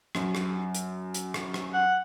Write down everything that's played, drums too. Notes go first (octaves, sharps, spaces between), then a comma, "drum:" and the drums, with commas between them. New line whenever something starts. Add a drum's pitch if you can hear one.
F#2, drum: rim click
drum: rim click
drum: hi-hat
drum: hi-hat
drum: rim click
drum: rim click
F#5